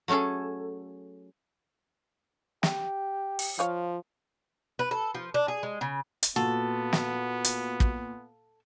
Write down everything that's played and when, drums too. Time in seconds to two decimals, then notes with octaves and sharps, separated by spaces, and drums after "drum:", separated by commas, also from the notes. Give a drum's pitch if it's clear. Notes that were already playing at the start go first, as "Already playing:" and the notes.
0.08 F#3 A3 C#4 G#4 A4
2.63 G4, drum: snare
3.39 drum: open hi-hat
3.59 F3 F4 C#5 F5
4.79 B4
4.91 A4
5.15 F3
5.34 D4
5.48 G#4
5.63 G#3
5.81 C#3
6.23 drum: hi-hat
6.36 A#2 B3 F#4 A4
6.93 drum: snare
7.44 drum: hi-hat
7.80 drum: kick